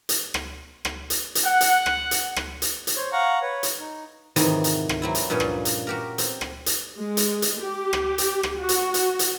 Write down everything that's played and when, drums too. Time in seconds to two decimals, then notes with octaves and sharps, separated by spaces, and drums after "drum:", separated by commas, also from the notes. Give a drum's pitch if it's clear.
0.09 drum: hi-hat
0.34 drum: rim click
0.85 drum: rim click
1.10 drum: hi-hat
1.35 drum: hi-hat
1.45 F#5
1.61 drum: hi-hat
1.86 drum: rim click
2.11 drum: hi-hat
2.36 drum: rim click
2.62 drum: hi-hat
2.87 drum: hi-hat
2.96 C5 C#5
3.12 F5 F#5 A#5 C#6
3.42 B4 C#5
3.63 drum: hi-hat
3.80 D#4
4.36 F2 G#2 C3 D#3 E3 F#3, drum: hi-hat
4.64 drum: hi-hat
4.89 drum: rim click
5.02 F#3 C4 E4
5.15 drum: hi-hat
5.30 G2 A#2 F3 C#4 C#5
5.40 drum: rim click
5.65 drum: hi-hat
5.87 F#4 G4 A#4
6.18 C4, drum: hi-hat
6.41 drum: rim click
6.66 drum: hi-hat
6.96 G#3
7.17 drum: hi-hat
7.42 drum: hi-hat
7.60 G4
7.93 drum: rim click
8.18 drum: hi-hat
8.43 drum: rim click
8.59 F#4
8.69 drum: hi-hat
8.94 drum: hi-hat
9.19 drum: hi-hat